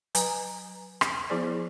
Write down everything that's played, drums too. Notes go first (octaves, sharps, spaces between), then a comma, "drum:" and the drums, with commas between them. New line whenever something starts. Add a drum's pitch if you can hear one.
F#3 B4 G#5 A#5, drum: hi-hat
drum: rim click
F3 B3 E4 G#4 C5 D5